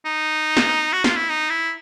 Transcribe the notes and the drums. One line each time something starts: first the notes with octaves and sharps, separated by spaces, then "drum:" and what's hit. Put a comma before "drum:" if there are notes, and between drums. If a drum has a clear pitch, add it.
D#4
drum: snare
F#4
F4, drum: snare
E4
D#4
E4